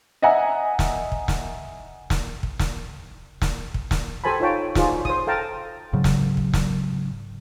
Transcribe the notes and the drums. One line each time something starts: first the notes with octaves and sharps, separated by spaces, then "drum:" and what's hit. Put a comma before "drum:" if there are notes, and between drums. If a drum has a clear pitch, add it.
D#5 E5 F#5 G#5 A#5
drum: snare
drum: kick
drum: snare
drum: snare
drum: kick
drum: snare
drum: snare
drum: kick
drum: snare
G4 A4 C5 G#5 A5 B5
D#4 F4 C#5 G5 A5
D#4 F4 F#4 G#4 C5 D5, drum: snare
C5 D#6, drum: kick
A4 F5 G5 A5 A#5
G#2 C#3 F#3
drum: snare
drum: kick
drum: snare